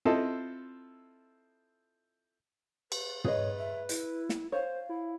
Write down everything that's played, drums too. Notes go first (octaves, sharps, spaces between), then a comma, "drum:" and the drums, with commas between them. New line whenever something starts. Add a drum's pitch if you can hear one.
C4 E4 F4 A4 D#5 A5
B4, drum: cymbal
G#4 B4 C#5 D#5, drum: tom
E5
E4, drum: hi-hat
drum: snare
C5 C#5 F5
E4